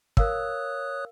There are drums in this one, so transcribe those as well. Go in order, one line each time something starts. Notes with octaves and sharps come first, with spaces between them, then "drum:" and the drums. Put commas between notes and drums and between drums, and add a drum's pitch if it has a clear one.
A#4 C#5 F5 D#6 E6 F#6, drum: kick